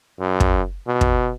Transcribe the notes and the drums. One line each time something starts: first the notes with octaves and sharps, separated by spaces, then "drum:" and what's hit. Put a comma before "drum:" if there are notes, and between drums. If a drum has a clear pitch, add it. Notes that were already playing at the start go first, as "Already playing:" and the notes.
F#2
drum: kick
B2
drum: kick